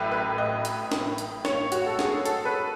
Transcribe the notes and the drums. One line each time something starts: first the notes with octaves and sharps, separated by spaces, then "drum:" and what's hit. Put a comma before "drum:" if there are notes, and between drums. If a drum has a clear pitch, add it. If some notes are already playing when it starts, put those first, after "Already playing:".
Already playing: A1 A2 F#3 B4
B4
D#5
drum: hi-hat
drum: snare
drum: hi-hat
C#5, drum: snare
F#4, drum: hi-hat
A4
G#4, drum: snare
A4, drum: hi-hat
B4